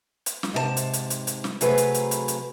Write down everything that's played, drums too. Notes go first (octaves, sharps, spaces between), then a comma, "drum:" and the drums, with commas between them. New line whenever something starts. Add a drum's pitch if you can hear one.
drum: hi-hat
drum: snare
G#2 C3 G4 A5
drum: hi-hat
drum: hi-hat
drum: hi-hat
drum: hi-hat
drum: snare
C3 F#3 A3 G#4 B4, drum: hi-hat
drum: hi-hat
drum: hi-hat
drum: hi-hat
drum: hi-hat